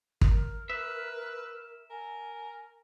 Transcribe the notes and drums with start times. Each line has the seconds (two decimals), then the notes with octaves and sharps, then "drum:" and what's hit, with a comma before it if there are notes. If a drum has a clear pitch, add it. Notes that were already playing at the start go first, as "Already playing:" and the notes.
0.21 A#4, drum: kick
0.70 B4 E5
1.90 A#4 G#5